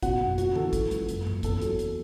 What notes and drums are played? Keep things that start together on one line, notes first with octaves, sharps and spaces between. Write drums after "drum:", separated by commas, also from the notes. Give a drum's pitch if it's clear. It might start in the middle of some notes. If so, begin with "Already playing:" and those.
B2 F#4 F#5, drum: kick, hi-hat
F#1
F#2 F#4, drum: hi-hat
E3 A4, drum: tom
E3, drum: kick, hi-hat
C#2, drum: hi-hat
F#1, drum: hi-hat
F#1, drum: tom
E2 A4, drum: kick, hi-hat
F#3, drum: hi-hat
drum: hi-hat